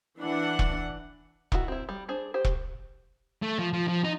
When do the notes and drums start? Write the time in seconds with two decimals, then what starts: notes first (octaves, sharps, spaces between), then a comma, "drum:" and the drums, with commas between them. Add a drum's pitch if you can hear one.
0.19 E3 D4 F#5
0.59 drum: kick E1
1.52 D#3 E4 F#4, drum: kick E1
1.68 C4 E4
1.89 G3
2.09 D4 G#4 C5
2.34 G4 C5
2.45 drum: kick E1
3.42 A3
3.59 F3
3.73 F3
3.88 F3
4.04 D#4